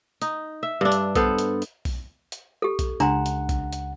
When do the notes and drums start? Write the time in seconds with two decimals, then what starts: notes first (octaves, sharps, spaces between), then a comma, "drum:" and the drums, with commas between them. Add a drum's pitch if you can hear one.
0.22 D#4, drum: hi-hat
0.63 E5
0.81 G2 D4
0.92 drum: hi-hat
1.16 B3 A4 C5, drum: kick A#1, hi-hat
1.39 drum: hi-hat
1.62 drum: hi-hat
1.85 drum: kick A#1, open hi-hat
2.32 drum: hi-hat
2.62 G4 A4
2.79 drum: kick A#1, hi-hat
3.00 C#2 D4 F#5 A#5 C6, drum: hi-hat
3.26 drum: hi-hat
3.49 drum: kick A#1, hi-hat
3.73 drum: hi-hat